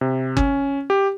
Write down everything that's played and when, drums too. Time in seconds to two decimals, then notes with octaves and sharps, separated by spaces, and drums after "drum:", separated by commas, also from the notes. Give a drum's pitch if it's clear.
0.01 C3
0.37 C#4, drum: kick
0.90 G4